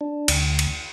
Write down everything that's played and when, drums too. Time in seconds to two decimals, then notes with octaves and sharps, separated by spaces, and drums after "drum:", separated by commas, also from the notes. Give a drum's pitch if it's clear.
0.01 D4
0.28 D2, drum: cymbal
0.59 drum: cymbal